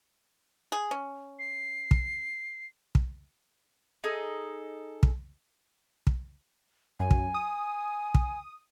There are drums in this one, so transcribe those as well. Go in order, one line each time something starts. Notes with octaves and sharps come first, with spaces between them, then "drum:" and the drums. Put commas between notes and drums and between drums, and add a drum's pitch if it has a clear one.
G#4
C#4
C7
drum: kick
drum: kick
D#4 G#4 A4
drum: kick
drum: kick
F#2 G#5
drum: kick
D#6
drum: kick